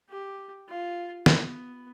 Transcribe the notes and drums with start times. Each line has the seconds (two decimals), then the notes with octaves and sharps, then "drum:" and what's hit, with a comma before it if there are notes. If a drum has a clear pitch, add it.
0.09 G4
0.69 F4
1.26 B3, drum: snare